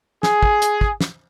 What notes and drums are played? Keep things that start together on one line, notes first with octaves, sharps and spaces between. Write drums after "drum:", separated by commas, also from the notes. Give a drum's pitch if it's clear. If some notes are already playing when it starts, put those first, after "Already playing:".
G#4, drum: snare
drum: kick
drum: hi-hat
drum: kick
drum: snare